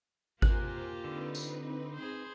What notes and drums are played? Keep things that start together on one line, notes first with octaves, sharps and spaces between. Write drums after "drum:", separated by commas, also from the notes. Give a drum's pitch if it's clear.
A#3 F4 G4 A#4 C5 G#5 F#6, drum: kick G#1
D3 C4 D#4 B4
drum: tambourine
G#4 B4 C5